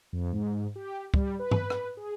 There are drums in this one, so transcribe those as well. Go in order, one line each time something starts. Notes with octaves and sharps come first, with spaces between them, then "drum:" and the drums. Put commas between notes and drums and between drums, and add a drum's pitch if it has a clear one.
F2
G#2
G4
G3, drum: kick
B4
drum: tom
drum: rim click
G#4